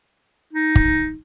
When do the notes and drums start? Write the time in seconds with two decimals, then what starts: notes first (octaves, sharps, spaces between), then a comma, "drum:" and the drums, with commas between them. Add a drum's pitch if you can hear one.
0.53 D#4
0.75 drum: kick